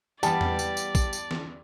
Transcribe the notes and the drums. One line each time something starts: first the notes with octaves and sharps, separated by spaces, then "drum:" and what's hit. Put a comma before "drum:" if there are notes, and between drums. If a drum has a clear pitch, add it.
E2 G3 B3 D5 A5, drum: tambourine
drum: tom E2
drum: tambourine
drum: tambourine
drum: kick, tambourine
drum: tambourine
drum: snare